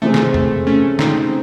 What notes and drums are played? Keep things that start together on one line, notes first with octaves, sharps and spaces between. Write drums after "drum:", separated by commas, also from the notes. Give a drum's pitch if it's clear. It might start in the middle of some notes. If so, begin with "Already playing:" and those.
C3 E3 G#3 A3 C4
drum: snare
A3, drum: tom
A3 C#4
C4 D#4, drum: snare